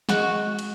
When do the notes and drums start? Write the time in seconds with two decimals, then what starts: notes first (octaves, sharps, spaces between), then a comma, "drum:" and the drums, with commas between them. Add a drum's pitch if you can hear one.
0.09 G#3 F#4, drum: snare
0.59 drum: cymbal